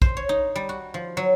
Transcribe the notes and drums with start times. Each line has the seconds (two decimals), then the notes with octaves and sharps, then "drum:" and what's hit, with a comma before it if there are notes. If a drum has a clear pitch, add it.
0.02 C5, drum: kick
0.17 C#5
0.29 D#4
0.55 G3
0.69 F#4
0.94 F3
1.17 F#3